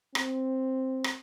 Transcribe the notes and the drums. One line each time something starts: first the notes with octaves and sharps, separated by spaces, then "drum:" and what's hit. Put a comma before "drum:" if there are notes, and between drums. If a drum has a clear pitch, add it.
C4, drum: rim click
drum: rim click